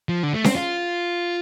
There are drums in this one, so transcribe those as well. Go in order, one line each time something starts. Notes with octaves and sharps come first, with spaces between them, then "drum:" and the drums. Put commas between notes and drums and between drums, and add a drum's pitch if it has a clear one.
F3
D3
A3
C4, drum: snare C#4
F4